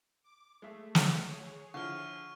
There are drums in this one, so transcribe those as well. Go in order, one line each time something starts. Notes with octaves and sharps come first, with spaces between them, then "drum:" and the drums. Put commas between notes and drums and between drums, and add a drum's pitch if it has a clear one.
D6
G#3 A3 E5
drum: snare
G#4 C#5
D3 F3 E4 C#6 F6